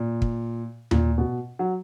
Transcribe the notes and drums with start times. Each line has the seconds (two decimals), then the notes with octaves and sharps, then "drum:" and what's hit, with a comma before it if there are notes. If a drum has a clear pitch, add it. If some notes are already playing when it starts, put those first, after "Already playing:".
Already playing: A#2
0.22 drum: kick
0.91 A#2, drum: tom D#2
1.18 B2
1.59 F#3